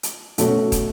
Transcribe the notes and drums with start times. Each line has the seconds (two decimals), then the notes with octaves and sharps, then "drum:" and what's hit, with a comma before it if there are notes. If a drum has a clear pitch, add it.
0.03 drum: hi-hat
0.38 B2 A3 C#4 F#4, drum: hi-hat
0.72 drum: kick, hi-hat